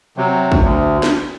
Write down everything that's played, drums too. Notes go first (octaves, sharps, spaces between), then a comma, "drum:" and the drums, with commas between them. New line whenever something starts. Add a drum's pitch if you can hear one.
C3 F#3
drum: kick
D2
drum: snare